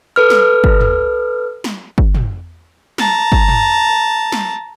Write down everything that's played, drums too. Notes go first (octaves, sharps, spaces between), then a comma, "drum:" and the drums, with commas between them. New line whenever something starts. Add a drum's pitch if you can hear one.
A4 B4 F6
drum: snare
drum: kick G1
drum: tom
drum: snare
drum: kick G1
drum: tom
A5 A#5, drum: snare
drum: kick G1
drum: tom
drum: snare